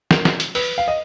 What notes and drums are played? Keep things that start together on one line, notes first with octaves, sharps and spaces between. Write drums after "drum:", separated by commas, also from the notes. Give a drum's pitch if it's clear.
A#4, drum: snare
drum: snare
drum: hi-hat
B4, drum: open hi-hat
F5
D#5